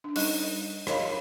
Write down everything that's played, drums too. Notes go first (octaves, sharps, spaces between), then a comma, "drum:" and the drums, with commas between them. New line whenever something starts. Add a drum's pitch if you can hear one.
D4
G3 C#4 D#4 D#5, drum: open hi-hat
D#5
A#4 C#5 D#5 F5 B5, drum: rim click